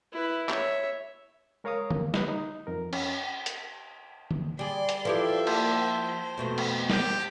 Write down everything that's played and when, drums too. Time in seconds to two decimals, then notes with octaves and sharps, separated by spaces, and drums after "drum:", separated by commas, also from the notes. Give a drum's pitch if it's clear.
0.13 E4 B4
0.49 C#5 E5, drum: clap
1.64 G#3 A#4 C#5 F5 A#5 D#6
1.90 A#3, drum: tom D3
2.14 B4 D#5, drum: snare
2.28 D#4
2.67 F2 A#4
2.93 C#4, drum: cymbal
3.46 drum: hi-hat
4.31 drum: tom D3
4.59 G3 G#4 D5 C6
4.89 drum: hi-hat
5.05 F3 E4 G4 A4 B4 E5
5.47 A#3 D5 A5 C6 G6, drum: cymbal
5.80 C5
6.38 F2 B2 A3
6.58 drum: cymbal
6.90 G4, drum: snare